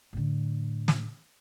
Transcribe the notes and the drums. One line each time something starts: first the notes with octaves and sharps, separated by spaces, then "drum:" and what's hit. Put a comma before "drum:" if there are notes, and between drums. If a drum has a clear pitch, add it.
A2 D3
drum: snare